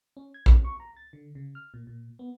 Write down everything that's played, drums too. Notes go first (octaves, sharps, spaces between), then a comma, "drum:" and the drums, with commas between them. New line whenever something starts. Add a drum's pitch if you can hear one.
C#4
G#6
C#4, drum: kick
C#6
A#5
A6
D3
C#3
F6
A#2
A#2
B3